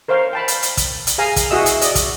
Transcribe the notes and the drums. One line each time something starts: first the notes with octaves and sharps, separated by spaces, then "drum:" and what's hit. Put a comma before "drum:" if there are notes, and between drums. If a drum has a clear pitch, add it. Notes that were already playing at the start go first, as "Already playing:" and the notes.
A#4 C5 C#5 F5 C6
G5 A5 B5
drum: hi-hat
drum: hi-hat
drum: kick, hi-hat
drum: hi-hat
G#4 F5 G#5 A#5
drum: kick, hi-hat
E4 F#4 G#4 D#5 E5 E6
drum: hi-hat
D5 D#5, drum: hi-hat
drum: kick, hi-hat